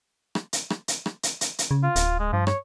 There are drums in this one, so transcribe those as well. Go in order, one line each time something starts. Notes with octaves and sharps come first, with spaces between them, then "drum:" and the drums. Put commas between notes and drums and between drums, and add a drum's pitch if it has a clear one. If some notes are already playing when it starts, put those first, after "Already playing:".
drum: rim click
drum: hi-hat
drum: rim click
drum: hi-hat
drum: rim click
drum: hi-hat
drum: hi-hat
drum: hi-hat
C#3
F4
D1, drum: hi-hat
G#3
G2 F3
C#5, drum: rim click